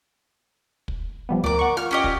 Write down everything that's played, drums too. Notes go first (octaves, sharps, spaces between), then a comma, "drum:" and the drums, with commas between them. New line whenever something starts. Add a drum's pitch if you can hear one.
drum: kick
F3 G3 B3
D2 A#4 D5 D6
F#5 C#6
F4 F6
C#4 G4 D#5
D5, drum: kick